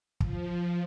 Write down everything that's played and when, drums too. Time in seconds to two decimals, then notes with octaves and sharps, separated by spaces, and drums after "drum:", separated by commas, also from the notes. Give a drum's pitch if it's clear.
0.20 F3, drum: kick